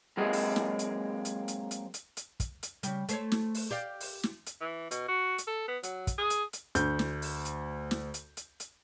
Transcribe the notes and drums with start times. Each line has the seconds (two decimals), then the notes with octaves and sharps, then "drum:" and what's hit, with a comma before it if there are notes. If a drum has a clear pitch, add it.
0.17 F#3 G#3 A#3 C4 G#4 D#5
0.33 drum: open hi-hat
0.56 drum: snare
0.79 drum: hi-hat
1.25 drum: hi-hat
1.48 drum: hi-hat
1.71 drum: hi-hat
1.94 drum: hi-hat
2.17 drum: hi-hat
2.40 drum: kick, hi-hat
2.63 drum: hi-hat
2.83 C#3 G3, drum: hi-hat
3.09 A3 C5 C#5, drum: hi-hat
3.32 drum: snare
3.55 drum: open hi-hat
3.71 G4 D5 F5
4.00 drum: open hi-hat
4.23 drum: snare
4.46 drum: hi-hat
4.61 E3
4.91 B2, drum: hi-hat
5.08 F#4
5.38 drum: hi-hat
5.47 A4
5.68 B3
5.83 F#3, drum: hi-hat
6.07 drum: kick, hi-hat
6.18 G#4
6.30 drum: hi-hat
6.53 drum: hi-hat
6.75 D2 G6, drum: hi-hat
6.99 drum: snare
7.22 drum: open hi-hat
7.45 drum: hi-hat
7.91 drum: snare
8.14 drum: hi-hat
8.37 drum: hi-hat
8.60 drum: hi-hat